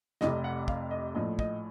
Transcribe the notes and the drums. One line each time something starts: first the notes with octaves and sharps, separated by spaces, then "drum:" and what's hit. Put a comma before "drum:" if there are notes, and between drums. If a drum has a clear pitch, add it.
F1 F2 C3 D#5, drum: snare
F#5
F5, drum: kick
D#5
A#1 A2 F3 D#5
D#5, drum: kick